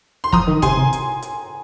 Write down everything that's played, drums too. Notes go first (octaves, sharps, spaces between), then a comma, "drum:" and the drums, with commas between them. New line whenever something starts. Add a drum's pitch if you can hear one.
C6
F3 A#5 D#6, drum: kick
D#3
C3 G#5 C6, drum: kick, hi-hat
C3
drum: hi-hat
drum: hi-hat